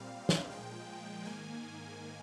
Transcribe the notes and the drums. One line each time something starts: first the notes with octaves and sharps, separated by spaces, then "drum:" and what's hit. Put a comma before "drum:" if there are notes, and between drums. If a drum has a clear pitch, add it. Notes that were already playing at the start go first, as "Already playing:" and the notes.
Already playing: A#2 G3 C4 F5
drum: snare
A#2 F3 G#3 G5
G#2 D#3 A#3 G#5